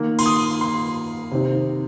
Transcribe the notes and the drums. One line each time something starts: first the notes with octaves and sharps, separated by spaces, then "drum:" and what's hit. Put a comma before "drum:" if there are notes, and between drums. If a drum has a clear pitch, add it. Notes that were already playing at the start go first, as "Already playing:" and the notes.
Already playing: D#3 A#3
C6, drum: cymbal
D#6
C6
C3 D#3 C4